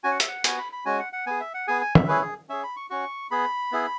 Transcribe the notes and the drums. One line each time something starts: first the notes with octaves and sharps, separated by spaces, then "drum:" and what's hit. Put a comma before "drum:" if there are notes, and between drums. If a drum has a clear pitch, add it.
C#4 F#4 G#5
F#5
E5, drum: hi-hat
F#5
B3 F#4 G#5, drum: hi-hat
B5
B5
G#3 C#4 F#4 G#5
F#5
F#5
B3 G#4 G#5
E5
F#5
B3 G#4 G#5
G#5
E5, drum: tom
C#4 E4 G#4 B4
G#4
C#4 G#4 E5
B5
C#6
C#4 F#4 C#6
B3 G#4 B5
B3 E4 G#4